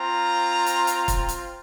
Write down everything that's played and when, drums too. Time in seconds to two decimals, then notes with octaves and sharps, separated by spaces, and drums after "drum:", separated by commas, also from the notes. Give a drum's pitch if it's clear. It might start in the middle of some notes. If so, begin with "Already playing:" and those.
Already playing: C4 F4 A#5
0.66 drum: hi-hat
0.87 drum: hi-hat
1.08 drum: kick, hi-hat
1.29 drum: hi-hat